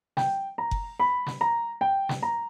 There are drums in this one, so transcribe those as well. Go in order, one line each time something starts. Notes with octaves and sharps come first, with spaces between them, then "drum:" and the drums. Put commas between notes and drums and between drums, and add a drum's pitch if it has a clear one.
G5, drum: snare
A#5
drum: kick F#1
B5
drum: snare
A#5
G5
drum: snare
A#5